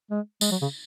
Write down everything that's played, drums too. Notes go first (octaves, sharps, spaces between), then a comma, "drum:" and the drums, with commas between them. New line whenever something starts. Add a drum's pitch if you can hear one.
G#3
G#3, drum: tambourine
F#3
C#3